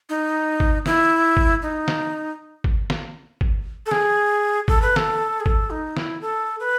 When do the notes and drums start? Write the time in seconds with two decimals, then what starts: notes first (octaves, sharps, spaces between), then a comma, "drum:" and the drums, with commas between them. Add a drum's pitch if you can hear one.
0.09 D#4
0.60 drum: kick
0.86 E4, drum: snare
1.37 drum: kick
1.62 D#4
1.88 drum: snare
2.64 drum: kick
2.90 drum: snare
3.41 drum: kick
3.86 A4
3.91 G#4, drum: snare
4.68 A4, drum: kick
4.82 B4
4.96 A4, drum: snare
5.40 G#4
5.46 A4, drum: kick
5.70 D#4
5.97 E4, drum: snare
6.21 A4
6.60 B4